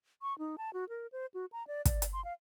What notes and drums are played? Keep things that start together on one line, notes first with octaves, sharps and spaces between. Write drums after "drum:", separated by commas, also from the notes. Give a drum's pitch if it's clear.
C#6
D#4
A5
F#4
A#4
C5
F#4
A#5
D5
D5, drum: kick, hi-hat
drum: hi-hat
C6
F5